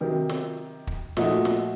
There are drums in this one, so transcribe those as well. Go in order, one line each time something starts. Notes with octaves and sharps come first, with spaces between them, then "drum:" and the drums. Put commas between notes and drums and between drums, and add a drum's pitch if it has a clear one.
C3 D#3 F#3
drum: snare
drum: kick
A#2 F3 A3 D#4 F#4, drum: snare
drum: snare